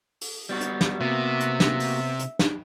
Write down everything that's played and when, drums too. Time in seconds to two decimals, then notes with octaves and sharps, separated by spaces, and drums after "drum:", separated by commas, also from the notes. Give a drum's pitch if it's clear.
0.21 drum: open hi-hat
0.49 G3 B3 F#4
0.61 drum: hi-hat
0.81 drum: snare
1.01 C3 A#3 B3 F#4 E5
1.40 drum: hi-hat
1.60 drum: snare
1.80 drum: open hi-hat
2.20 drum: hi-hat
2.39 drum: snare